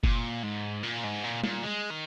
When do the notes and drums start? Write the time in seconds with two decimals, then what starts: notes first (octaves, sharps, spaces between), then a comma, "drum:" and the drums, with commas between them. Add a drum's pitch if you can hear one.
0.04 A#2, drum: kick F#1
0.43 G#2
0.83 A#2
1.04 G#2
1.24 A#2
1.44 A#2, drum: tom G3
1.63 G#3
1.90 D#3